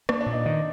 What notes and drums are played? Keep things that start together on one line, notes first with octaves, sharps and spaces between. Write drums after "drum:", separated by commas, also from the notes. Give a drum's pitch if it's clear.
A#3 D4, drum: rim click
D4
A#2
D#4
D#3 D4